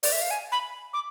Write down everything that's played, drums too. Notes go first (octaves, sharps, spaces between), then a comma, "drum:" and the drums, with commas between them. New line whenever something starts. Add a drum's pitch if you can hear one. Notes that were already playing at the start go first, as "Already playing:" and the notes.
D5, drum: open hi-hat
E5
F5
G#5
B5
D6